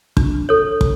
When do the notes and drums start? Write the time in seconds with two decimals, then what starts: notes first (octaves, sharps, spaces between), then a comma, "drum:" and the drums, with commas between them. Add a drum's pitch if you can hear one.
0.17 D4, drum: kick
0.49 A4 C#5
0.81 drum: kick